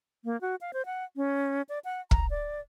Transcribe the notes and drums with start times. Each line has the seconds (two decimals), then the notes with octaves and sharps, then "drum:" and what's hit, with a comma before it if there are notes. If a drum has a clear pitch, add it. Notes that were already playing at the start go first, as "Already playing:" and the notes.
0.25 A#3
0.41 F#4
0.61 F5
0.73 C5
0.86 F#5
1.16 C#4
1.69 D5
1.84 F#5
2.11 A#5, drum: kick
2.30 D5